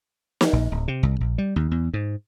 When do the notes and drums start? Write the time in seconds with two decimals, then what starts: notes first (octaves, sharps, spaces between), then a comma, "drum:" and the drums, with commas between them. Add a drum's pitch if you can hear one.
0.41 drum: snare
0.53 A#1
0.71 D1
0.88 C3
1.03 C2
1.21 A#1
1.38 G3
1.56 D#2
1.71 E2
1.94 G#2